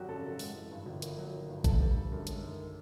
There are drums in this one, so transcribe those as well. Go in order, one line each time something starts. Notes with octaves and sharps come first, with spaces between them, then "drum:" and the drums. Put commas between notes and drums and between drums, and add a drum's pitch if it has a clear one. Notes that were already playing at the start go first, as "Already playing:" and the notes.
Already playing: G#1 F#2 F#3 F#4 G4
C#3 A4
F#2
G#3, drum: open hi-hat
E3
G2
G1
A#3, drum: hi-hat
F#3
D#3
G2
B3 A4, drum: kick, hi-hat
G3
D3
F#2
G#3, drum: hi-hat
D#3